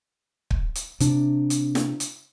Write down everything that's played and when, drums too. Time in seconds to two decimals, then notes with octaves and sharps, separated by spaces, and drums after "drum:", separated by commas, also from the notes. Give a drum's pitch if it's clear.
0.51 drum: kick
0.75 drum: hi-hat
1.00 C3 D4, drum: hi-hat
1.50 drum: hi-hat
1.75 drum: snare
2.00 drum: hi-hat